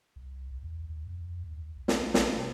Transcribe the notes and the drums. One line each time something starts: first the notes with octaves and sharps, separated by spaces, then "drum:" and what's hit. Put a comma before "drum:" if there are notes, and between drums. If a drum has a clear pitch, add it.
C2
B1
E2
D#2
F2
D#2
B1
drum: snare
A#1, drum: snare
C3